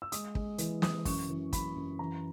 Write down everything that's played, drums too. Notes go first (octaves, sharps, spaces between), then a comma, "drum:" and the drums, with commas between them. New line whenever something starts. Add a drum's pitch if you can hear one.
E6
G#3 D#6, drum: hi-hat
G#3, drum: kick
E3, drum: hi-hat
E3 D#6, drum: snare
F#2 C#6, drum: kick, open hi-hat
E3
F#2 B5, drum: kick, hi-hat
F#2
E3 A#5